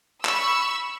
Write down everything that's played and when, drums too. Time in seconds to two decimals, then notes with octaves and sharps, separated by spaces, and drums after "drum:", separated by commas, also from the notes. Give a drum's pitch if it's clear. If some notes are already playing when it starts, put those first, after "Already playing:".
0.25 B5 C#6 E6, drum: clap